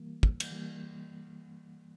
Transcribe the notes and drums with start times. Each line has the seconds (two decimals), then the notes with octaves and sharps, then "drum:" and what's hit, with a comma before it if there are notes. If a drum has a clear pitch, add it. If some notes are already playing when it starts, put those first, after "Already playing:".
Already playing: E3 G3 A#3
0.23 drum: kick
0.40 drum: cymbal
0.51 E3 G3 A#3